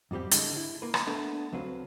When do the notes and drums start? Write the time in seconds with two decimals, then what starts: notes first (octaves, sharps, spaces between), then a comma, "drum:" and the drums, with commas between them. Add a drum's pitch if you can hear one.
0.11 F2 G#2 G3 C4 G4
0.31 D3 G#3 E4, drum: hi-hat
0.57 E4
0.82 A#3 B4
0.94 drum: rim click
1.07 A3 B3 D4 B4
1.52 D2 F#3 C4 B4 F5